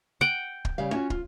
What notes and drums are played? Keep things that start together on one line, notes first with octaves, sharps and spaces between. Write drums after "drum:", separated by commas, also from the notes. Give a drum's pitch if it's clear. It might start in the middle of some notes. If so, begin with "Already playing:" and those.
F#5 G5
drum: kick
C#3 G3 F5
C#4 F4 F#4
F4, drum: kick